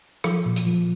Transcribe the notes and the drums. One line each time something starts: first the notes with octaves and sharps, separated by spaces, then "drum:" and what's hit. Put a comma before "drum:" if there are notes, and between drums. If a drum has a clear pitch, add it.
F3, drum: rim click
A#2
drum: hi-hat
F3